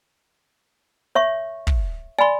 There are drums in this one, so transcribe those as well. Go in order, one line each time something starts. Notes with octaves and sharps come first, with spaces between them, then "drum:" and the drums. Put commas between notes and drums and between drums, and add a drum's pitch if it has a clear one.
C#5 E5 C#6
drum: kick
D5 G#5 B5 C6